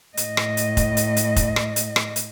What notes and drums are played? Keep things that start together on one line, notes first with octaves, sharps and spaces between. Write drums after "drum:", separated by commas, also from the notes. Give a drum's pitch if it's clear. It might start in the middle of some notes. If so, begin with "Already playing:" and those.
A2 D#5, drum: hi-hat
drum: rim click
drum: hi-hat
drum: kick F1, hi-hat
drum: hi-hat
drum: hi-hat
drum: kick F1, hi-hat
drum: rim click
drum: hi-hat
drum: rim click
drum: hi-hat